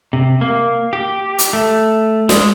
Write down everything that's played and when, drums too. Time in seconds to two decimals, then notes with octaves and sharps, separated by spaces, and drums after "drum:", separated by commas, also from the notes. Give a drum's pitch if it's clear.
0.13 C3
0.41 A#3
0.93 G4
1.38 drum: hi-hat
1.53 A3
2.29 G#3, drum: snare